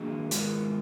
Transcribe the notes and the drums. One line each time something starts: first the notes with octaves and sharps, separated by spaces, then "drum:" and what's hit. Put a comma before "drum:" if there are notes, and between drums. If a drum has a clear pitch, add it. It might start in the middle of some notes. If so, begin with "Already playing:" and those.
Already playing: D#3 F#3 A#3 D4 G#4
D#3 G#3 B3 F4 A#4, drum: hi-hat